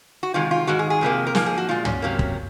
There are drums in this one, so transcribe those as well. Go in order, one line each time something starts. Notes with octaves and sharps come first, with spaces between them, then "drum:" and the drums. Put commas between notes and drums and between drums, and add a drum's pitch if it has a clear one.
F#4
C3 D#3 G#3 F4
F4
G#2 D#3 G#3 F#4
G#4
G#4
F2 C3 F3 A#3
A#4
G#2 F3 A#3 G#4, drum: snare
G#4
F#4
A#2 G#3 F4
C#4, drum: tom
C3 F#3 A#3
drum: kick